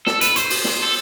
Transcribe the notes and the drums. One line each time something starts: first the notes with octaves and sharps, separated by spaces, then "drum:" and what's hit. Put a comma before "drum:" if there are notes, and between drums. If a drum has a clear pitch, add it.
A4, drum: snare
B4, drum: hi-hat
C5, drum: hi-hat
drum: open hi-hat
drum: snare
A4